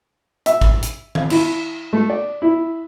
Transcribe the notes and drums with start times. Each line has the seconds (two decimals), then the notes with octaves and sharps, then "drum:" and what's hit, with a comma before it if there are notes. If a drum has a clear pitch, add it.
0.46 E5, drum: hi-hat
0.61 drum: kick
0.83 drum: hi-hat
1.15 drum: tom D#3
1.30 E4, drum: cymbal
1.93 A3
2.10 D5
2.42 E4